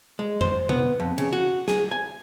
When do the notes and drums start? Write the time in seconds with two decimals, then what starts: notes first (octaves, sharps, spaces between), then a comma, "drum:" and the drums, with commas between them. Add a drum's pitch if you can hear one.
0.19 G#3
0.41 C5, drum: tom F2
0.69 B3, drum: tom C3
1.00 F2
1.18 C#3, drum: cymbal
1.33 F#4
1.68 G#4, drum: snare
1.91 G#5